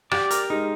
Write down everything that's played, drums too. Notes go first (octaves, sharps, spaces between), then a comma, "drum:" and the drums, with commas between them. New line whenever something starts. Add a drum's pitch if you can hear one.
G4 D5, drum: rim click
A#4, drum: hi-hat
G#3 D#4